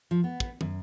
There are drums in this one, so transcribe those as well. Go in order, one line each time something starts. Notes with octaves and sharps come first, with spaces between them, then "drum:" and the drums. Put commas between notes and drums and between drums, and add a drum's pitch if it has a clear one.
F3
B3
drum: kick
F#2, drum: tom